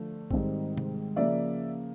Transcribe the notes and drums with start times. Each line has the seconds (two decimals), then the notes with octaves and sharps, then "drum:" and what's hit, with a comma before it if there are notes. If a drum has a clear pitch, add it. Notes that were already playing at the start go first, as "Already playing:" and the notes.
Already playing: D3 F3 A3
0.31 G#2 D#3 G3 C4, drum: kick A#1
0.78 drum: tom C3
1.16 C#3 F3 A#3 D5 E5